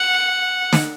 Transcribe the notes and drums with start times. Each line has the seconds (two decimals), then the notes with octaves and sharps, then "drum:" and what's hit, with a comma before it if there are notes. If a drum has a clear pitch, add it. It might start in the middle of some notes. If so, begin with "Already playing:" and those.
Already playing: F#5
0.73 drum: snare